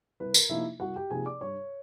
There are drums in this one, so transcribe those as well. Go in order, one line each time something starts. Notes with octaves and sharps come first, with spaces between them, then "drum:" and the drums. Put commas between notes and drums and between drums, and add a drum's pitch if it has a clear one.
C2 B4
A#4, drum: tambourine
C3 F3 A#3 D#4 E4 E5
C2 F#4 F#5
G4 G5
C3 F3 A#3 D#4 G#4 G#5
D5 D6
G2 C#5 C#6